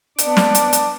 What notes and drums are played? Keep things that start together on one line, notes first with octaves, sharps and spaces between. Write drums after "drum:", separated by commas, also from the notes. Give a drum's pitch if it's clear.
B3 D4 D5, drum: hi-hat
drum: snare
drum: hi-hat
drum: hi-hat